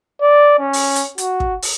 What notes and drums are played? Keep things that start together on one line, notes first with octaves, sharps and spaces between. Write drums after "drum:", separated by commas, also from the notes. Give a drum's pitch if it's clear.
D5
C#4
drum: open hi-hat
drum: hi-hat
F#4, drum: hi-hat
drum: kick
drum: open hi-hat